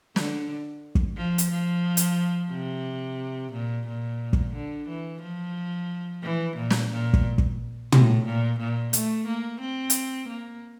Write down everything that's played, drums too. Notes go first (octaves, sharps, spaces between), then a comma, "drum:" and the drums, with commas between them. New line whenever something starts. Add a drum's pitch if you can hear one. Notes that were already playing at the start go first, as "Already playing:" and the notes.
D3, drum: snare
drum: kick
F3
drum: hi-hat
F3
drum: hi-hat
C3
A#2
A#2
drum: kick
D3
E3
F3
E3
A#2
drum: snare
A#2
drum: kick
drum: kick
A2, drum: tom
A#2
A#2
A3, drum: hi-hat
A#3
C4
drum: hi-hat
A#3